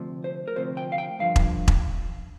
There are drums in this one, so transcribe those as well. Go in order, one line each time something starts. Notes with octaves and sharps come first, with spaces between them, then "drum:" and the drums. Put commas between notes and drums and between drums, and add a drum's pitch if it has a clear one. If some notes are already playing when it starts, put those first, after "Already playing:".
Already playing: D2 C3 F3
C5
A#4
D2 C3 F3 C5
G5
F5
G5
G2 D3 F3 F5
drum: kick E1
drum: kick E1